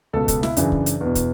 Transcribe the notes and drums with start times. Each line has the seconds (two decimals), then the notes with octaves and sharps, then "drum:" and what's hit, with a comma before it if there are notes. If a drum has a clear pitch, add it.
0.13 C#2 B2 A4
0.28 A4, drum: kick, hi-hat
0.43 E4, drum: snare
0.57 F#2 C#3 E3 D4, drum: hi-hat
0.72 drum: kick
0.86 drum: hi-hat
1.01 E2 B2
1.15 drum: kick, hi-hat